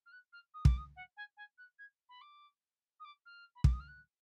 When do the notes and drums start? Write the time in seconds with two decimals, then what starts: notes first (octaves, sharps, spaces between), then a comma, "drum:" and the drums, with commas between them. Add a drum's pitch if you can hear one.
0.06 F6
0.12 F#6
0.33 F6
0.54 D#6
0.65 D6, drum: kick
0.77 D#6
0.96 F#5
1.17 G#5
1.37 G#5
1.58 F#6
1.79 G#6
2.09 B5
2.21 D6
3.00 D#6
3.05 D6
3.26 F6
3.55 B5
3.64 D6, drum: kick
3.72 D#6
3.80 F6
3.88 F#6